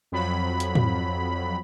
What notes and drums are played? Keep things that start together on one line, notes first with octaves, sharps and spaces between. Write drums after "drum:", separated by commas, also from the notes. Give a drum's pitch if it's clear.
F2 F#3 B5
drum: hi-hat
drum: tom